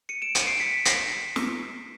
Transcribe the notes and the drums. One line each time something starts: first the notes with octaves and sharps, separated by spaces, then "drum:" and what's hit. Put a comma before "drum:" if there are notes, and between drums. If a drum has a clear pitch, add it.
C#7 D#7
D7 E7
C#7 D#7, drum: hi-hat
C7 D7
B6 C#7
A#6 C7, drum: hi-hat
drum: snare